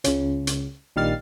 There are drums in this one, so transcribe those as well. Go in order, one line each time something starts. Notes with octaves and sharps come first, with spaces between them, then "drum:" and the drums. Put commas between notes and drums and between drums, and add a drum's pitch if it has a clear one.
C#2 C#3, drum: hi-hat
drum: hi-hat
A#1 D#3 G3 F5 A6 C7